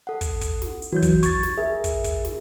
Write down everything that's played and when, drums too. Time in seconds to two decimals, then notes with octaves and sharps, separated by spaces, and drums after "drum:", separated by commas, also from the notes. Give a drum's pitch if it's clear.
0.07 A4 F#5
0.21 drum: kick, hi-hat
0.41 drum: kick, hi-hat
0.62 drum: snare
0.82 drum: hi-hat
0.93 E3 F#3 F#4 G6
1.02 drum: kick, hi-hat
1.23 C#6 G#6 A6, drum: kick, hi-hat
1.43 drum: snare
1.57 G#4 A#4 E5
1.84 drum: kick, hi-hat
2.04 drum: kick, hi-hat
2.25 drum: snare